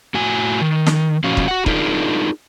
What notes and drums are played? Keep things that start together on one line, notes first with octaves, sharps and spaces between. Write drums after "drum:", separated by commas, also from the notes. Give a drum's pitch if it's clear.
A2 F#4 G#5
D#3
drum: snare
A#2 F3 C#4 F#4 F5
drum: kick
F#4 F#5
D4 D#4 F4 G#4 A#4, drum: kick